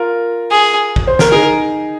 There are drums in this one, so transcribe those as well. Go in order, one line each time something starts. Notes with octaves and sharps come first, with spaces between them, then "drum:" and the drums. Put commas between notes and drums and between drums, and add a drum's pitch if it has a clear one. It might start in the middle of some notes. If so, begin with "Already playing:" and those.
Already playing: F4 A#4
G#4
drum: kick A#1
C5
A#4, drum: snare
D#4 G#4 A#4